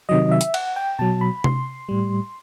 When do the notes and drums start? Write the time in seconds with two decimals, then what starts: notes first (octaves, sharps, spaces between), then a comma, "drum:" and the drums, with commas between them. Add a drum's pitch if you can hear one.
0.09 C3 D#3 F#3 D#5
0.31 E5
0.41 drum: hi-hat
0.54 F#5, drum: cymbal
0.76 G5
0.99 B2 F#3 A5
1.21 B5
1.44 C6, drum: tom C3
1.89 A2 G3